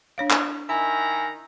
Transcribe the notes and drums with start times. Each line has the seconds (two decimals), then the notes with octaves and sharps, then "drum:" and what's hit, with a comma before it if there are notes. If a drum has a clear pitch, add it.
0.18 D4 C#5 F5
0.30 drum: clap
0.69 D#3 E4 G#5 A#5